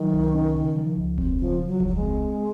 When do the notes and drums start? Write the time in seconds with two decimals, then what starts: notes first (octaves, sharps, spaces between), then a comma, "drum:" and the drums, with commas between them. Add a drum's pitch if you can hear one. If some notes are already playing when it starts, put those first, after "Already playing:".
Already playing: D#3 F#3
0.13 C2
0.34 C#4
0.56 C#3
0.76 F3
0.97 C#2
1.18 C4, drum: kick E1
1.38 C#3 F3
1.60 F3
1.67 F#3
1.80 C#2, drum: kick E1
1.88 F#3
1.95 G#3
2.02 C4